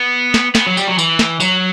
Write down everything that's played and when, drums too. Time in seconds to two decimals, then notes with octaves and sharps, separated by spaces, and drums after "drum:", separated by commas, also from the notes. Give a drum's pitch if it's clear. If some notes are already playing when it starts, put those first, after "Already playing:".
Already playing: B3
0.34 drum: snare
0.55 B3, drum: snare
0.67 F#3
0.77 G3, drum: tambourine
0.88 F#3
0.98 E3, drum: tambourine
1.19 drum: snare
1.40 F#3, drum: tambourine